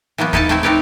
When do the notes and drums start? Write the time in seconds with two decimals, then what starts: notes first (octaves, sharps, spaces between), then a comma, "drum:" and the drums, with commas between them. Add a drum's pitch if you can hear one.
0.18 E3 F#3 A#3 B3
0.33 D#4 E4 A4 G#5 A5, drum: kick D#2
0.49 A3 C4 E4 E5
0.63 C4 D#4 E4 B4 C#5 D5